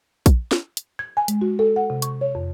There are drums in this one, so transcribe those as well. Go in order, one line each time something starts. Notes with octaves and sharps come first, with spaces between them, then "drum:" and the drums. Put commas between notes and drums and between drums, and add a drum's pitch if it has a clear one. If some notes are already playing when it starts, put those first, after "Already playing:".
drum: kick A#1, hi-hat
drum: snare
drum: hi-hat
G#6
G#5
G#3, drum: hi-hat
F#4
A4
F#5
C3
C#6, drum: hi-hat
C#5
F2